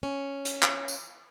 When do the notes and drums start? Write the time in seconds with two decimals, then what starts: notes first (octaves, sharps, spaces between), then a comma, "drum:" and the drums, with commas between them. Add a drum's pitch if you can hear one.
0.03 C#4
0.45 drum: hi-hat
0.63 drum: clap
0.88 drum: tambourine